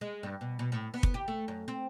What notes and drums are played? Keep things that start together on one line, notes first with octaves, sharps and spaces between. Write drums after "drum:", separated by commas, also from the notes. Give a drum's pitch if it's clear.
G#3
G2
B2
B2
A2
B3
drum: kick
G4
A3
F#2
C4